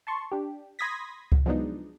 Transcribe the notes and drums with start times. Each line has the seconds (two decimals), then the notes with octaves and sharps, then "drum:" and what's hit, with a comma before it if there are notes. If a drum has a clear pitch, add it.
0.07 A5 C6 C#6
0.32 D4 G4
0.79 B5 C6 D#6 G#6 A#6 B6
1.32 drum: kick C#2
1.46 F3 F#3 G#3 B3 D4 D#4